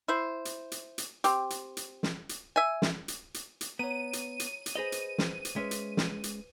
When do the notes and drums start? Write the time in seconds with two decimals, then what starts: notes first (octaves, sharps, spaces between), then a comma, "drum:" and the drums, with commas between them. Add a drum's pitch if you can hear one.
0.08 E4 C5
0.45 drum: hi-hat
0.72 drum: hi-hat
0.98 drum: hi-hat
1.24 C4 G4, drum: hi-hat
1.50 drum: hi-hat
1.77 drum: hi-hat
2.03 drum: snare
2.29 drum: hi-hat
2.56 E5 G#5
2.82 drum: snare
3.08 drum: hi-hat
3.34 drum: hi-hat
3.61 drum: hi-hat
3.79 B3 C#5 A#5 D#7
4.13 drum: hi-hat
4.40 drum: hi-hat
4.66 drum: hi-hat
4.75 G#4 B4 C5 D#5 A#6 F7
4.92 drum: hi-hat
5.18 drum: snare
5.45 drum: hi-hat
5.56 G#3 C#4 B4 E5 B6
5.71 drum: hi-hat
5.97 drum: snare
6.24 drum: hi-hat